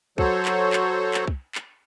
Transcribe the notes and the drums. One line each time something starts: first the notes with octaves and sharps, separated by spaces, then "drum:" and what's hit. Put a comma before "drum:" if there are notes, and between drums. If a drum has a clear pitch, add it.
F#3 F#4 A4 C5 C#5, drum: kick
drum: clap
drum: clap
drum: clap
drum: kick
drum: clap